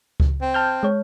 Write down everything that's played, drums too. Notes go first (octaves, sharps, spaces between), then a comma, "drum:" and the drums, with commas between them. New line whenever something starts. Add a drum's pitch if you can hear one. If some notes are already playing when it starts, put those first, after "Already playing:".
drum: kick C#2
C4
A5 F6 G6
G#3 C#5